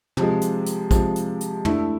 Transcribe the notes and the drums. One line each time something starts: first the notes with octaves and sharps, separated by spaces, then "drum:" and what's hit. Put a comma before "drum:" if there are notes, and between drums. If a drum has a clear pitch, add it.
C3 F3 G#3, drum: tom
drum: hi-hat
drum: hi-hat
C3 F3 G#3, drum: kick, hi-hat
drum: hi-hat
drum: hi-hat
D3 A3 E4, drum: tom